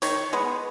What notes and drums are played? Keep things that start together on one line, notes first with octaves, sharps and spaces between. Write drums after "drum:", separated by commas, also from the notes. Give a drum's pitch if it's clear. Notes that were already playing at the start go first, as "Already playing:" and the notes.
D#3 C#5, drum: hi-hat
G#3 B3